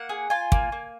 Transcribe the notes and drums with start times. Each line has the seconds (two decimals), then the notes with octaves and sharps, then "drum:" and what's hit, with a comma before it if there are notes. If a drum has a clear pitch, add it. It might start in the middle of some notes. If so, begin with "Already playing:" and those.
Already playing: A#3 F#5
0.09 G#4
0.30 F4 G#5
0.52 A#3, drum: kick
0.72 A#3